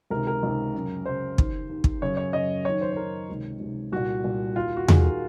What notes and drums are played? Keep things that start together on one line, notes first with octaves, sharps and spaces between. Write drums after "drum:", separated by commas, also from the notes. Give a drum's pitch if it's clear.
C#2 C3 D#3 A#4
A#4
C#2 C3 D#3
F#2 C#3
F#2 C#3 C5
D#2 D#3, drum: kick
D#2 D#3
drum: kick
F#2 C#3 C#5
C#5
F#2 C#3 D#5
F#2 D#3 C#5
C5
C5
F#2 D#3 A#4
C#2 C3 D#3
C#2 C3 D#3
C2 A#2 F#4
C2 A#2
D#2 D#3 F4
F#4
D#2 D#3 G#4, drum: tom E2
A#4